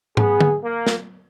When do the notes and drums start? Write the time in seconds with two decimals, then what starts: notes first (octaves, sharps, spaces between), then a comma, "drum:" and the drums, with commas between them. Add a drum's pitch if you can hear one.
0.17 B3 G#4, drum: tom G#2
0.40 drum: tom
0.63 A#3
0.87 drum: snare